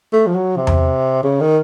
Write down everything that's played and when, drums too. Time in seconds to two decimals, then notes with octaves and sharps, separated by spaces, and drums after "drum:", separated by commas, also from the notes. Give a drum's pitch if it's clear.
0.13 A3
0.27 F3
0.35 F#3
0.57 C3
0.67 drum: tom E2
1.23 C#3
1.41 D#3